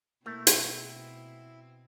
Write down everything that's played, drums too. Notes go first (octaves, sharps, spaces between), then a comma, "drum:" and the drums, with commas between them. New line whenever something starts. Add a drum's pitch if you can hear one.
B2 A3 A#3 C4 E4
drum: hi-hat